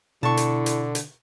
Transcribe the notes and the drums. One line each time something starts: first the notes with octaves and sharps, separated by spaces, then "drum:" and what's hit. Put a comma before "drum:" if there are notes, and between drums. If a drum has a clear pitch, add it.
B2 D3 E4 A5 C#6
drum: hi-hat
drum: hi-hat
drum: hi-hat